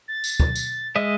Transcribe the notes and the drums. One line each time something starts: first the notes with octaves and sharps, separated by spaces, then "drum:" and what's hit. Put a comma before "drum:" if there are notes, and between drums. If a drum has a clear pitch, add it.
A6
drum: tambourine
drum: kick
drum: tambourine
G#3 D#5 E5